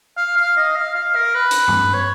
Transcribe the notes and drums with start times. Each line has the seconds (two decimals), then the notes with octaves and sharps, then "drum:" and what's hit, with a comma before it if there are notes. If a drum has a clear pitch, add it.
0.17 F5
0.37 F5
0.57 D#5
0.76 F5
0.95 F5
1.15 A#4
1.35 B4
1.51 drum: hi-hat
1.68 drum: tom G2
1.93 C#5